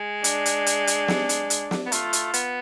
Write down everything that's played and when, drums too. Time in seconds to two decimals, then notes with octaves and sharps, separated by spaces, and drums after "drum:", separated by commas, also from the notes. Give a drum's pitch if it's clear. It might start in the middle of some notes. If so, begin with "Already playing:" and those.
Already playing: G#3
0.24 D4, drum: hi-hat
0.46 drum: hi-hat
0.66 drum: hi-hat
0.87 drum: hi-hat
1.08 drum: snare
1.29 drum: hi-hat
1.50 drum: hi-hat
1.71 drum: snare
1.86 B3
1.92 A3 F4, drum: hi-hat
2.13 drum: hi-hat
2.34 B3, drum: hi-hat